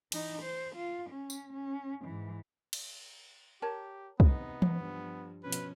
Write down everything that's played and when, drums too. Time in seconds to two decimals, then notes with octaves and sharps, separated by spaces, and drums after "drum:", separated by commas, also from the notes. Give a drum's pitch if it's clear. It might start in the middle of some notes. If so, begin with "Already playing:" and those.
0.12 E3 D#4, drum: cymbal
0.42 C5
0.75 F4
1.10 C#4
1.30 drum: tambourine
1.53 C#4
2.05 G#2 E3
2.73 drum: cymbal
3.62 G4 A#4 C#5 A5
4.20 C3 B3 D#4, drum: kick
4.62 drum: tom E3
4.76 G2 F3
5.43 B2 F3 C#4 B4
5.52 drum: hi-hat